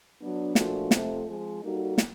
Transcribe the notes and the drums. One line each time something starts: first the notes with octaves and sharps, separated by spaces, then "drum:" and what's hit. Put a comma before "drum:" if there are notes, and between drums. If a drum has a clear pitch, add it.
F#3 B3 D4
A#2 F3 A3 D4 F#4, drum: snare
F2 C3 F3 A3, drum: snare
F3 G#3 C4
G3 A#3 D#4 F#4 A4
drum: snare